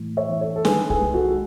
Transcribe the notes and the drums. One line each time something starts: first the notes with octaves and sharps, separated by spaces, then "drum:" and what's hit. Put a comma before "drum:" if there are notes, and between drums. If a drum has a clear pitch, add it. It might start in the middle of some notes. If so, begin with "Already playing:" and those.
Already playing: A2 E3
C#5 E5
E3
A4 C#5
A4
D#3 G#4 B4, drum: snare
G#4, drum: kick C2
G#3
F#4 A4